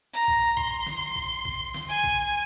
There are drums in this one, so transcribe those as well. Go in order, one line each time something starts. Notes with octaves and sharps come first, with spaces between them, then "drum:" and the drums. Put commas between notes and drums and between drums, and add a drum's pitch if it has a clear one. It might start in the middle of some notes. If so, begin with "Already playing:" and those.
A#5
drum: kick
C6, drum: kick
drum: snare
drum: kick
drum: kick
drum: snare
G#5
drum: kick